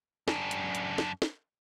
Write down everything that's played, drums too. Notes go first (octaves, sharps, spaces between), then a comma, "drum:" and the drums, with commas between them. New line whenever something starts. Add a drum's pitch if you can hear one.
F#2 D4, drum: snare
drum: hi-hat
drum: hi-hat
drum: snare
drum: snare